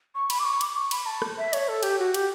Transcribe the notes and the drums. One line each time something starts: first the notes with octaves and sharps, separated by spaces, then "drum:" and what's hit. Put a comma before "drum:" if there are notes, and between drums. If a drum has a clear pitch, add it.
C#6
B5, drum: cymbal
D6
C#6
D6, drum: cymbal
C#6
B5, drum: cymbal
A5
drum: rim click
E5
C#5, drum: cymbal
A4
G4, drum: cymbal
F#4
G4, drum: cymbal